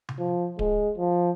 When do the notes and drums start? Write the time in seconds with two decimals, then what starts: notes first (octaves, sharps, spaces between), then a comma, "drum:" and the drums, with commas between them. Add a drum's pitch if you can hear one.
0.09 drum: tom C3
0.19 F3
0.59 G#3, drum: kick D1
0.98 F3